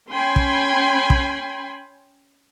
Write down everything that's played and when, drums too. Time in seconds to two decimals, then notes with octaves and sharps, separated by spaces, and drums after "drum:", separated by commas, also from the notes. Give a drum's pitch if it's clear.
0.11 C#4 G5 G#5 B5 C6
0.36 drum: kick
1.10 drum: kick